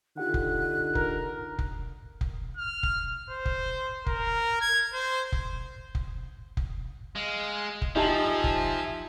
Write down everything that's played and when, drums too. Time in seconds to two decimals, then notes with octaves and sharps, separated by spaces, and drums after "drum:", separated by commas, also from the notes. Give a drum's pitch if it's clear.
0.18 D3 D#4 F4 G4 F#5 F#6
0.34 drum: kick F1
0.95 A#4, drum: kick F1
1.59 drum: kick F1
2.21 drum: kick F1
2.57 F6
2.83 drum: kick F1
3.30 C5
3.45 drum: kick F1
4.06 A#4, drum: kick F1
4.61 G#6
4.94 C5
5.32 drum: kick F1
5.95 drum: kick F1
6.57 drum: kick F1
7.16 G#3 F5
7.82 drum: kick F1
7.95 F3 D#4 G4 E5 G#5 A5
8.44 drum: kick F1